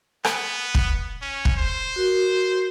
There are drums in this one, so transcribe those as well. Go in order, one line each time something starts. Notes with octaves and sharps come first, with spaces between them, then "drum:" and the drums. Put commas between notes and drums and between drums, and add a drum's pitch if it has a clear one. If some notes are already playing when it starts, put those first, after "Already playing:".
B3, drum: rim click
drum: kick
C#4
drum: kick
C5
F#4 A#4